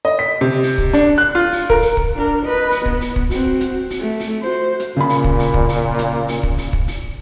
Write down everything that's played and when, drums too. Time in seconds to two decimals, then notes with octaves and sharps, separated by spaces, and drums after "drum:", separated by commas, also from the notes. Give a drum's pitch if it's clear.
0.05 D#5
0.19 B6
0.41 C3
0.63 drum: open hi-hat
0.78 drum: kick
0.93 D4, drum: open hi-hat
1.18 F#6
1.35 F4
1.52 drum: open hi-hat
1.70 A#4, drum: kick
1.82 drum: open hi-hat
1.97 drum: kick
2.15 D4 A#4
2.46 B4 D#5
2.71 drum: open hi-hat
2.86 B3, drum: kick
3.01 drum: open hi-hat
3.16 drum: kick
3.31 C4 F#4, drum: open hi-hat
3.61 drum: hi-hat
3.90 drum: open hi-hat
4.00 A3
4.20 drum: open hi-hat
4.42 F#4 C5
4.80 drum: hi-hat
4.96 A#2 C#3 B5
5.09 drum: open hi-hat
5.24 drum: kick
5.39 drum: open hi-hat
5.54 drum: kick
5.69 drum: open hi-hat
5.99 drum: hi-hat
6.28 drum: open hi-hat
6.43 drum: kick
6.58 drum: open hi-hat
6.73 drum: kick
6.88 drum: open hi-hat